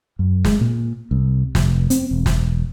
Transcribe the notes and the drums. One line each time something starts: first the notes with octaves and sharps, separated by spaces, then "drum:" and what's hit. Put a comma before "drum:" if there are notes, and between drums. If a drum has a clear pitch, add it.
F#2
G#3, drum: snare
A#2
C2
F1, drum: snare
C4, drum: hi-hat
E1
drum: snare